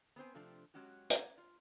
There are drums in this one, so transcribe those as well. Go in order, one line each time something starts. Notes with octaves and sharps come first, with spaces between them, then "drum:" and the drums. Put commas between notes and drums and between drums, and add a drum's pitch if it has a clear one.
B3 C4 C5 G#5
C3 F3 A3 C4 D4
F#3 G#3 C#4 F#4 G4
C#5 D5 F#5 A#5, drum: hi-hat
F4